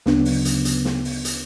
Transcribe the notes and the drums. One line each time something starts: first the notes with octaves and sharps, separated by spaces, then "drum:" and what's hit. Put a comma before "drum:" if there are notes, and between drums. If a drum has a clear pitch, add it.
D2 C#3 F#3 B3 D4, drum: snare
drum: open hi-hat
drum: hi-hat
drum: hi-hat
drum: snare
drum: open hi-hat
drum: hi-hat